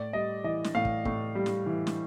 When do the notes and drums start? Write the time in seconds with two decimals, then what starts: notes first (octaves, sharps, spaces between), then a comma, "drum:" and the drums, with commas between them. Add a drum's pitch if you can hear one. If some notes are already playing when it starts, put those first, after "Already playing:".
Already playing: A2 D5
0.13 G3 D#5
0.44 E3 D#5
0.64 drum: snare
0.75 A2 F5
0.85 drum: kick
1.05 A2, drum: kick
1.35 G3
1.46 drum: snare
1.66 E3
1.87 drum: snare